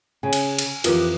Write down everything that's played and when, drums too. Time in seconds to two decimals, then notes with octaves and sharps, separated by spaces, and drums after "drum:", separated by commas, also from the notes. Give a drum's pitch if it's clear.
0.23 C#3 G#5
0.33 drum: cymbal
0.58 drum: cymbal
0.84 F2 E3 F4 G4 A#4 B4 D6 D#6, drum: cymbal